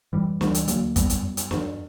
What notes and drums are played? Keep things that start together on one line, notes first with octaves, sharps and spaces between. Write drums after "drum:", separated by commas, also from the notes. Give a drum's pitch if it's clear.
F#2 E3 G3
D2 E3 G3, drum: snare
drum: hi-hat
D2 F#3 A#3, drum: hi-hat
F#2 G3 B3, drum: kick, hi-hat
drum: hi-hat
F#2
drum: hi-hat
F#2, drum: snare